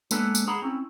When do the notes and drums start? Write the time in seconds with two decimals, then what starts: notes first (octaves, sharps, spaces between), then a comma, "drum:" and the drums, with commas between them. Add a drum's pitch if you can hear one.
0.11 G#3 A#3 B3 D4 A4 B4, drum: tambourine
0.35 drum: tambourine
0.48 G#4 F#5 A#5 B5
0.62 C4 C#4 E4